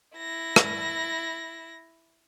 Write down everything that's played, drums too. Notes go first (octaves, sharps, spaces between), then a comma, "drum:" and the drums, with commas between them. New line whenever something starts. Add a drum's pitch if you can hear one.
E4 A#6
drum: rim click